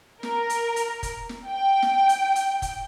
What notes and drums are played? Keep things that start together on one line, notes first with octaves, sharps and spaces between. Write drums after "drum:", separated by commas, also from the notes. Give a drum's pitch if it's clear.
A#4, drum: snare
drum: hi-hat
drum: hi-hat
drum: kick, hi-hat
drum: snare
G5
drum: snare
drum: hi-hat
drum: hi-hat
drum: kick, hi-hat